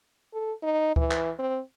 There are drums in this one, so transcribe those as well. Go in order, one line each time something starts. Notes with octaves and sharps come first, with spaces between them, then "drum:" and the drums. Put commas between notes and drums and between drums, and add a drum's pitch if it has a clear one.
A4
D#4
E3, drum: kick D2
drum: clap
C4